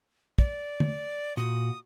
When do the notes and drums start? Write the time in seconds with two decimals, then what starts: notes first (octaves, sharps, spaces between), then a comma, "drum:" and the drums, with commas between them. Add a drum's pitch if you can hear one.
0.38 D5, drum: kick
0.80 drum: tom
1.37 A#2 F#4 D#6